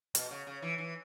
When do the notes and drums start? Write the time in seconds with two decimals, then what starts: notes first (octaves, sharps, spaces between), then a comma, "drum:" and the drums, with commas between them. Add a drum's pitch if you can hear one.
0.15 B2, drum: hi-hat
0.31 C#3
0.47 C#3
0.62 E3
0.78 E3